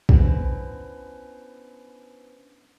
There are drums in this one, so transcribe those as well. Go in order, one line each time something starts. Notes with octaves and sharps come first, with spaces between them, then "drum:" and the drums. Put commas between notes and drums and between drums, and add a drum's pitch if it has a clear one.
B3 C#4 D4 E4 B4 C5, drum: kick